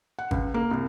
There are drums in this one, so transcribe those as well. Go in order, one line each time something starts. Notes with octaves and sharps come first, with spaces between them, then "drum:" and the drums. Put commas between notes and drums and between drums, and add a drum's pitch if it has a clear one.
F#5
C#2, drum: kick G#1
A#3
C2